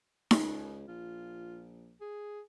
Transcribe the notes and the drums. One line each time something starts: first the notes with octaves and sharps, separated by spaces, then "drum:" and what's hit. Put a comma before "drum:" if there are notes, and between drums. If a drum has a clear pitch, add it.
C#2, drum: snare D#4
A#1 F4
G#4